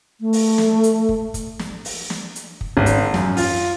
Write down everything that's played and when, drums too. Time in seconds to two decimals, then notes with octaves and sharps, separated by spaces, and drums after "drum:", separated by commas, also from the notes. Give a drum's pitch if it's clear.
0.21 A3
0.33 drum: open hi-hat
0.58 drum: snare
0.83 drum: hi-hat
1.09 drum: kick
1.34 drum: kick, hi-hat
1.59 drum: snare
1.85 drum: open hi-hat
2.10 drum: snare
2.35 drum: hi-hat
2.61 drum: kick
2.77 G#1
2.86 drum: kick, hi-hat
3.14 F#2, drum: snare
3.37 F4, drum: open hi-hat